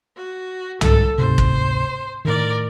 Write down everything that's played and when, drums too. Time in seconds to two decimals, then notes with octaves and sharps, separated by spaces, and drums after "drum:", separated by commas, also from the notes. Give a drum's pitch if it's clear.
0.16 F#4
0.81 C#2 G#2 G3 A4, drum: tom C2
1.18 D2 G#2 C3 C5
1.38 drum: kick
2.25 A2 D#3 A#4 D5